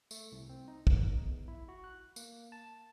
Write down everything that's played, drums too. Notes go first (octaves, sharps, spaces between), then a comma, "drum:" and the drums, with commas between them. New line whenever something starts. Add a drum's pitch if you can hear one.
A3, drum: tambourine
C2
C4
D#4
drum: kick
E2
E4
F#4
F#6
A#3, drum: tambourine
A5